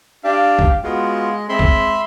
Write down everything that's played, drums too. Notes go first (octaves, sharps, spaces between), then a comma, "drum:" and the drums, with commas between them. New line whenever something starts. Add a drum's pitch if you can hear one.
D4 G4 F5
drum: kick
G#3 B3 F4 F#4
G#3 C4 E5 B5 C6
drum: kick